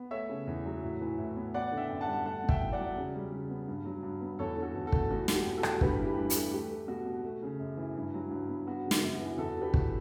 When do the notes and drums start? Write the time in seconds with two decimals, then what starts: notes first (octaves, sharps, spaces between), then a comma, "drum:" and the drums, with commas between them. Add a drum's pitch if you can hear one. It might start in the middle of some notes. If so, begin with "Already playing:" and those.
Already playing: B3
0.11 A3 C#5 E5
0.29 C#3
0.47 E2
0.65 F#3
0.83 A2
1.01 E3
1.18 A2
1.36 B3
1.53 B3 D5 F#5
1.72 D3
1.77 E5 G5
1.90 F#2
2.01 F#5 A5
2.07 G3
2.25 A3 F#5 A5
2.44 B2
2.49 E5 G5, drum: kick
2.61 E2
2.72 D5 F#5
2.79 F#3
2.97 C#3
3.14 G3
3.32 C#3
3.50 B3
3.68 G2
3.85 F#3
4.03 G2
4.21 B3
4.39 E2 A4 C#5
4.57 D3
4.62 F#4 A4
4.75 E2
4.86 F#4 A4
4.92 A3, drum: kick
5.11 E2 F#4
5.28 B2, drum: snare
5.34 G4
5.47 E2
5.57 F#4 A4
5.63 A3, drum: rim click
5.81 G2 G4 B4, drum: kick
5.99 E3
6.05 G4
6.17 G2
6.30 G4, drum: hi-hat
6.36 A3
6.54 A3 G4
6.71 A3
6.88 B2 F#4
7.06 B2
7.24 A3
7.43 C#3
7.59 F#2
7.77 E3
7.95 G2
8.14 F#3
8.31 G2
8.49 B3
8.67 B3 F#4
8.84 C#3
8.91 F#4, drum: snare
9.03 F#2
9.14 F#4
9.20 E3
9.38 E2 F#4 A4
9.56 D3
9.61 G4 B4
9.74 E2, drum: kick